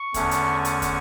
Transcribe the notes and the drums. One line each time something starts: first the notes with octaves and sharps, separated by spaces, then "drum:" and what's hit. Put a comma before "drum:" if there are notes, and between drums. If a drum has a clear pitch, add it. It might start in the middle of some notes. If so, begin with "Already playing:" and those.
Already playing: C#6
E2 D3 A3 C#4, drum: kick, hi-hat
drum: hi-hat
C#6, drum: hi-hat
drum: kick, hi-hat